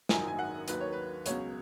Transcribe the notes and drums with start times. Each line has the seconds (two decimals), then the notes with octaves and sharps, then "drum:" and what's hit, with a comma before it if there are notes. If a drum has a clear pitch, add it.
0.09 G#1 F#2 D#3 F#3 D#4 G#5, drum: snare
0.27 G#5
0.39 F#5
0.68 D#2 D#3 F#3 B4, drum: hi-hat
0.80 C#5
0.93 B4
1.26 C#2 B2 F#3 C#4 C#5, drum: hi-hat